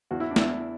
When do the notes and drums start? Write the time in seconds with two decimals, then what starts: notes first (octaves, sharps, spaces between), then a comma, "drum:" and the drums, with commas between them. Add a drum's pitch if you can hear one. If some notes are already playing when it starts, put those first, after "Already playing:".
0.11 E2 F#4
0.20 E4
0.31 D4
0.36 E2 E4, drum: snare